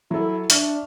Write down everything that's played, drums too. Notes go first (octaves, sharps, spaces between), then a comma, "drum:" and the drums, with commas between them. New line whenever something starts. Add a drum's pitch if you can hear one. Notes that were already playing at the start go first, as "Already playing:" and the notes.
F#3 E4 A4
D4 E5 C#6 F6, drum: hi-hat